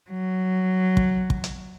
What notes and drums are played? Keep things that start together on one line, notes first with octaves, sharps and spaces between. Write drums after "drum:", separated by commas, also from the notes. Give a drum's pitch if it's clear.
F#3
drum: kick
drum: kick
drum: hi-hat